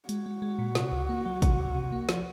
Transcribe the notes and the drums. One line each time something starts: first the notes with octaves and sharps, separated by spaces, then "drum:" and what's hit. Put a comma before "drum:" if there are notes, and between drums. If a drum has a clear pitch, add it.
G#3 F#4, drum: hi-hat
G#3
G#3
A#2
C3, drum: snare
C#2
A#3
F#3
C3, drum: kick, hi-hat
C#2
C3
A#3
F3, drum: snare